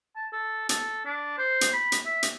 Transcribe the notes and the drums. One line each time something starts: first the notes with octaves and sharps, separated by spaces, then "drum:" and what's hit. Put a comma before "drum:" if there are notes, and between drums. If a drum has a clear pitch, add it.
A5
A4
A4, drum: hi-hat
D4
C5
drum: hi-hat
B5
drum: hi-hat
E5
drum: hi-hat